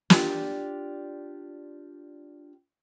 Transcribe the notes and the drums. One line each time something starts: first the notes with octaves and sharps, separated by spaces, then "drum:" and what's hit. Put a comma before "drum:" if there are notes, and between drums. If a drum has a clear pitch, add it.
D4 F4 G4 D5, drum: snare